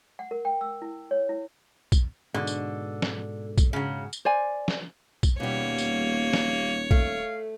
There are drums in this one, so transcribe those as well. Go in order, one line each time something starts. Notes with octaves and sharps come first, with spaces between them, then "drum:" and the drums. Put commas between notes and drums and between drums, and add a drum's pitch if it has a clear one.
F#5
A#4
G5
E6
E4
C#5
E4
drum: kick, tambourine
G#2 B2 D3
drum: tambourine
drum: snare
drum: kick, tambourine
C#3 F#3
drum: tambourine
C5 D5 G#5
drum: snare
drum: kick, tambourine
D#1 B2 G3 A#3 C#5
drum: tambourine
drum: snare
A3 F5, drum: kick